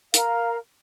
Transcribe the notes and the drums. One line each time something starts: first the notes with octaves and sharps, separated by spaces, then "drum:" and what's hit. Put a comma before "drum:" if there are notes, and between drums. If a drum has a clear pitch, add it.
A#4 F5 A#5, drum: hi-hat